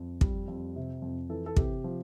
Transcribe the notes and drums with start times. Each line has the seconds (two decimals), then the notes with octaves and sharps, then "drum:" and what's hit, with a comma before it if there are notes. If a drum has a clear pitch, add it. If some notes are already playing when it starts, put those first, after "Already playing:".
Already playing: F2
0.21 G3, drum: kick
0.48 F2
0.76 C3
1.02 F2
1.29 E3 A4
1.46 A4
1.56 C3 G4, drum: kick
1.84 F3